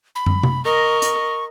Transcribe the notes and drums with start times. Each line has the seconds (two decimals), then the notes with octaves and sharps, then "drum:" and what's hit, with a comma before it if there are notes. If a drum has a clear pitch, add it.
0.15 B5
0.26 drum: tom
0.43 drum: tom C3
0.65 A#4 D#5 C#6
1.02 drum: hi-hat